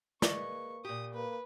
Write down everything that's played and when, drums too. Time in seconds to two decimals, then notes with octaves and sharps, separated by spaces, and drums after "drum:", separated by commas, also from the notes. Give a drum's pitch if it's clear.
0.22 A#3 G#4 B4 D5 D#5 C#6, drum: snare
0.85 A#2 G4 D#6
1.14 A#3 B4